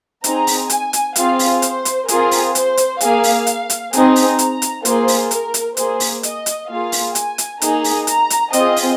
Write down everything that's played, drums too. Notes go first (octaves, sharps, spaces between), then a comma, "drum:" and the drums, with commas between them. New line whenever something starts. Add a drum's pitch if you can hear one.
C4 D#4 G#4 A#5, drum: hi-hat
drum: open hi-hat
G#5, drum: hi-hat
drum: hi-hat
C4 F4 G#4 F5, drum: hi-hat
drum: open hi-hat
C5, drum: hi-hat
drum: hi-hat
C4 F4 G#4 A#4, drum: hi-hat
drum: open hi-hat
C5, drum: hi-hat
drum: hi-hat
A#3 G#4 F5, drum: hi-hat
drum: open hi-hat
drum: hi-hat
drum: hi-hat
C4 D#4 G#4, drum: hi-hat
drum: open hi-hat
A#5, drum: hi-hat
drum: hi-hat
A#3 F4 G#4 C5, drum: hi-hat
drum: open hi-hat
A#4, drum: hi-hat
drum: hi-hat
A#3 G#4 C5, drum: hi-hat
drum: open hi-hat
D#5, drum: hi-hat
drum: hi-hat
A#3 F4 G#4 F5
drum: open hi-hat
G#5, drum: hi-hat
drum: hi-hat
A#3 D#4 G#4 A#5, drum: hi-hat
drum: open hi-hat
A#5, drum: hi-hat
drum: hi-hat
C4 F4 G#4 D#5, drum: hi-hat
drum: open hi-hat